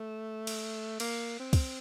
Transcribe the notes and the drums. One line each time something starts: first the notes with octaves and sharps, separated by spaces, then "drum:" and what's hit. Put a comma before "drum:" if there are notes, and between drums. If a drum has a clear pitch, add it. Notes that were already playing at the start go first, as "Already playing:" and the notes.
Already playing: A3
drum: cymbal
A#3, drum: cymbal
C4
drum: kick, cymbal